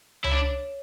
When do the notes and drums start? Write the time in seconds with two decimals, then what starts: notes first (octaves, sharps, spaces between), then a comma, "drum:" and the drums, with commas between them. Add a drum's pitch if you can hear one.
0.24 E4 C#5, drum: tom C#2
0.32 D4